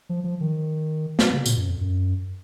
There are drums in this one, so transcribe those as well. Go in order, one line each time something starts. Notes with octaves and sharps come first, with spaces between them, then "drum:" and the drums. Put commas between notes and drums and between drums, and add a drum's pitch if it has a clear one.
F3
F3
D#3
drum: snare
C#3
A#2, drum: tambourine
F#2
F2
F#2